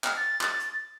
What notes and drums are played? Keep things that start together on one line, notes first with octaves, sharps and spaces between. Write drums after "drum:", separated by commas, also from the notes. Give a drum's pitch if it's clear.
F6, drum: clap
A6
drum: clap
drum: hi-hat